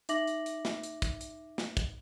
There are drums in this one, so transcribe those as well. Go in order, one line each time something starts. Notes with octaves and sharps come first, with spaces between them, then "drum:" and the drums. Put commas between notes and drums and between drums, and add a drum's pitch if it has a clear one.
D#4 E5 D6 A#6 F#7, drum: hi-hat
drum: hi-hat
drum: hi-hat
drum: snare
drum: hi-hat
drum: kick, hi-hat
drum: hi-hat
drum: snare
drum: kick, hi-hat